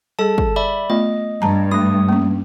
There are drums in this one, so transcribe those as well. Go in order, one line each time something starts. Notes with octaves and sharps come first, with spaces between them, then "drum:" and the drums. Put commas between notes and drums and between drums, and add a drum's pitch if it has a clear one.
G3 G#4 A4 A5
drum: kick
D5 E5 B5
A3 B3 F4 D#5
G2 A5 A#5
A3 D4 D#6
A#3 C#4